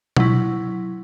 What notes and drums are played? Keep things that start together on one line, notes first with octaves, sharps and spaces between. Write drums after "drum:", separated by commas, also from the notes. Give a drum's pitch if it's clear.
F#3 E4, drum: tom B2